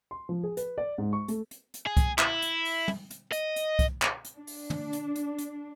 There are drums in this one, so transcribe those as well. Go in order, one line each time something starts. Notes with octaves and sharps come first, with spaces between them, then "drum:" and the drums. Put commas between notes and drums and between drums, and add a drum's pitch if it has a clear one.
C6
F3
G#4
B4, drum: hi-hat
D5
G#2
C#6
A3, drum: hi-hat
drum: hi-hat
drum: hi-hat
G#4
drum: kick C2, hi-hat
E4, drum: clap
drum: hi-hat
drum: open hi-hat
drum: tom
drum: hi-hat
D#5, drum: hi-hat
drum: hi-hat
drum: kick C2, hi-hat
drum: clap
drum: hi-hat
D4
drum: open hi-hat
drum: tom
drum: hi-hat
drum: hi-hat
drum: hi-hat